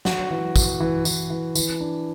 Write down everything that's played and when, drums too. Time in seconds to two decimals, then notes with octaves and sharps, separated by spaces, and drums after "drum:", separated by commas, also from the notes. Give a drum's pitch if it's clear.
0.05 F#4, drum: snare
0.30 E3
0.56 F#4, drum: kick, tambourine
0.80 E3
1.05 E3, drum: tambourine
1.30 E3
1.55 E3, drum: tambourine
1.81 D4